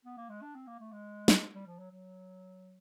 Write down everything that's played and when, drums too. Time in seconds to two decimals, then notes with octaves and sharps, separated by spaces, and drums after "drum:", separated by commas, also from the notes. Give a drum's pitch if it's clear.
0.05 B3
0.17 A#3
0.30 G#3
0.42 D4
0.55 C4
0.67 A#3
0.80 A3
0.92 G#3
1.28 drum: snare
1.54 G3
1.66 F3
1.79 F#3
1.91 F#3